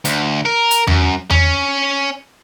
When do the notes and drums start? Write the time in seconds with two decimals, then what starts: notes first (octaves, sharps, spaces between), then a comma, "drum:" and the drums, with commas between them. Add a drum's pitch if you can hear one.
0.05 D2, drum: hi-hat
0.45 A#4
0.71 drum: hi-hat
0.87 F#2, drum: tom E2
1.30 C#4, drum: tom E2